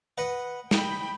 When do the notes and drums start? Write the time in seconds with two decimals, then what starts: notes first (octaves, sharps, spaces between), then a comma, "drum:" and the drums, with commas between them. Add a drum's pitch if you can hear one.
0.18 B4 D#5 F#5
0.71 D#5 G5 B5, drum: snare